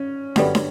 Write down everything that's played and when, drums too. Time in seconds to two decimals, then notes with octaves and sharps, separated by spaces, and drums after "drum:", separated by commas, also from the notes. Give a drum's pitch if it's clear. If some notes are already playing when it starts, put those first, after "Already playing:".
Already playing: C#4
0.36 G1 F#2 D3 G3 B3, drum: snare
0.55 drum: snare